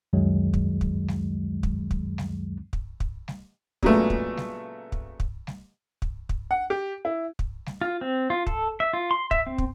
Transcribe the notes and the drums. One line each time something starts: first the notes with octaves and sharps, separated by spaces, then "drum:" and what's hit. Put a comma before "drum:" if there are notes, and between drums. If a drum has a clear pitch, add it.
C#2 F#2 D#3 F#3 G#3
drum: kick
drum: kick
drum: snare G3
drum: kick
drum: kick
drum: snare G3
drum: kick
drum: kick
drum: snare G3
A#2 C#3 F#3 G#3 A3 B3, drum: kick
drum: kick
drum: snare G3
drum: kick
drum: kick
drum: snare G3
drum: kick
drum: kick
F#5
G4
E4
drum: kick
drum: snare G3
F4
C4
F4
A4, drum: kick
E5
F4
C6
E5, drum: kick
C4
drum: kick